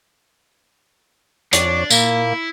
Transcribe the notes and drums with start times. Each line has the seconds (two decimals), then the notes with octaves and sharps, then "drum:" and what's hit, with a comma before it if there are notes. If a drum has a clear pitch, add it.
1.53 F2 D4 C#5 D5, drum: hi-hat
1.90 A#2 A#3 E4, drum: tambourine